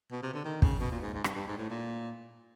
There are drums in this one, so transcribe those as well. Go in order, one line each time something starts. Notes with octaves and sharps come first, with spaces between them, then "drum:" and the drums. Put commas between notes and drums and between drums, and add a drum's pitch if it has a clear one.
B2
C3
D3
D#3
C#3, drum: kick
B2
A#2
G#2
G#2
G2, drum: rim click
G2
G#2
A2
A#2